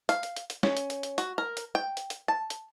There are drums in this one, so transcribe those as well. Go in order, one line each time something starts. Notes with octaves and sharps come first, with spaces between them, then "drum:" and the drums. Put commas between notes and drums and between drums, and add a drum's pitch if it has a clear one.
F5, drum: hi-hat
drum: hi-hat
drum: hi-hat
drum: hi-hat
C#4, drum: snare
drum: hi-hat
drum: hi-hat
drum: hi-hat
F#4, drum: hi-hat
A#4
drum: hi-hat
G5
drum: hi-hat
drum: hi-hat
A5
drum: hi-hat